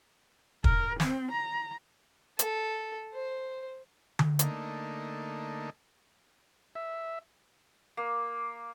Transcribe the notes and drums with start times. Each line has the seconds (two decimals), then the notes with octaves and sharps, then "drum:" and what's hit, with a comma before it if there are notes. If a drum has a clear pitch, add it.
0.64 A#4, drum: kick
1.00 C4, drum: snare
1.31 A#5
2.39 A4, drum: hi-hat
3.14 C5
4.19 drum: tom D3
4.39 D3 A3 A#3 D#4, drum: hi-hat
6.75 E5
7.97 A#3